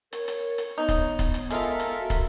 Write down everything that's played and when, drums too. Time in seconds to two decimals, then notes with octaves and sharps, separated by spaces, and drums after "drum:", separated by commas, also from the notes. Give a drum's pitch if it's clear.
0.13 A#4 C#5, drum: hi-hat
0.28 drum: hi-hat
0.58 drum: hi-hat
0.78 B3 D#4
0.89 drum: kick, hi-hat
1.19 drum: kick, hi-hat
1.34 drum: hi-hat
1.51 G#3 F4 A4 A#4 E5, drum: hi-hat
1.80 drum: hi-hat
2.01 F#4
2.10 drum: kick, hi-hat